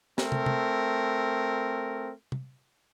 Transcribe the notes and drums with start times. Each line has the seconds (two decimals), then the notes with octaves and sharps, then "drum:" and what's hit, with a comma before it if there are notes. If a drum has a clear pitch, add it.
0.18 A3 C4 A#4, drum: snare
0.32 drum: tom
0.46 drum: tom
2.32 drum: tom